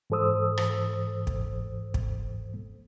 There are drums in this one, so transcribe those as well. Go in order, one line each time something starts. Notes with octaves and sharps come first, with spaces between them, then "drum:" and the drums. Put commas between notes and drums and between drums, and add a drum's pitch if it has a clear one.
G#2 E3 A4 C5 D#6 E6
drum: rim click
drum: kick
drum: kick